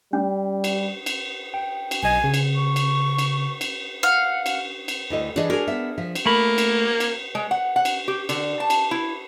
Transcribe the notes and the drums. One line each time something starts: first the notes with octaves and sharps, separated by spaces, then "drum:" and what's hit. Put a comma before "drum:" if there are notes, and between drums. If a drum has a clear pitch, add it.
G3 C#4
drum: cymbal
drum: cymbal
G5
drum: cymbal
B1 D#5 G#5
C#3
drum: cymbal
C#6
drum: cymbal
drum: cymbal
drum: cymbal
F5 F#5
drum: cymbal
drum: cymbal
D2 E4 D#5
E3 D4 G#4 D#5
F#4 G#4 A#4
B3 E5
F3 E5
drum: cymbal
A3 A#3 B5
drum: cymbal
drum: cymbal
G#3
F#5
F#5
drum: cymbal
G4
D3, drum: cymbal
A5
drum: cymbal
E4